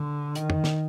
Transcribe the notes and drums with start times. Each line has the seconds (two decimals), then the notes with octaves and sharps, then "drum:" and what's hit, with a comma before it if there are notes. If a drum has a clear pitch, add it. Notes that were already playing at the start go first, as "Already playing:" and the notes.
Already playing: D3
0.35 D#3, drum: hi-hat
0.50 drum: tom
0.64 drum: snare